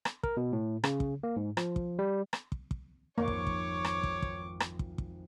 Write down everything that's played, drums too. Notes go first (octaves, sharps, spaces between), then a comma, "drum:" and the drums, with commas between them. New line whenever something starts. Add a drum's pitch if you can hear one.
drum: rim click
A#4, drum: kick
B2
A2
C#3, drum: rim click
drum: kick
A#3
G#2
F3, drum: rim click
drum: kick
G3
drum: rim click
drum: kick
drum: kick
G#1 F2 A#3 C5 C#5 C#6 D6
drum: kick
drum: kick
drum: rim click
drum: kick
drum: kick
drum: rim click
drum: kick
drum: kick